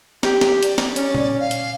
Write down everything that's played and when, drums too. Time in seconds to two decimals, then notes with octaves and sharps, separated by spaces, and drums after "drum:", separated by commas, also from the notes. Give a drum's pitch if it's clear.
0.23 G4, drum: snare
0.41 drum: snare
0.63 D5, drum: hi-hat
0.78 drum: snare
0.96 C#4, drum: hi-hat
1.14 drum: tom A#2
1.40 F5
1.51 drum: hi-hat